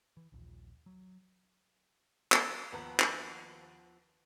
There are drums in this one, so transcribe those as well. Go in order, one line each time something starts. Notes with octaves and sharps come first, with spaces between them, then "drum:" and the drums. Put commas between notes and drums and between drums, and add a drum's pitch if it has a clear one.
E3
A#1 D#2 A#2
F#3
drum: clap
D#2 F3 B3 B4 A#5
drum: clap